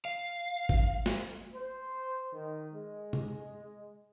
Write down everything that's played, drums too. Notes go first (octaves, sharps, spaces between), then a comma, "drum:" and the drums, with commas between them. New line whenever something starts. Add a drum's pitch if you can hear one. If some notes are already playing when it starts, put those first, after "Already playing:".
F5
drum: kick G#1
drum: snare
C5
D#3
G#3
drum: tom